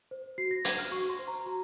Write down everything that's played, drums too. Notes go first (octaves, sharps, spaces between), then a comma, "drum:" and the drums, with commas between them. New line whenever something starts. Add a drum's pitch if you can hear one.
C5
F#4 C7
A#6
C5 G#6, drum: hi-hat
F6
F#4 C#6
C6
C5
A#5
F#4 A#5